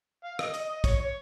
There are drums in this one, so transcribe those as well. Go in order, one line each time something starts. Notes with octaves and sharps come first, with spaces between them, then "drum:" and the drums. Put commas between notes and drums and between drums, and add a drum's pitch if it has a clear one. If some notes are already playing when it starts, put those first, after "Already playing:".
F5
D#5, drum: rim click
D#5, drum: hi-hat
D#5
C#5, drum: kick, hi-hat
C#5